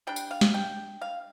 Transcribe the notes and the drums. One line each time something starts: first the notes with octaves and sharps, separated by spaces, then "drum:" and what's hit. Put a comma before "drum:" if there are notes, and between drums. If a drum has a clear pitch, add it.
G3 D4 G5
drum: tambourine
F5
drum: snare
G5
F5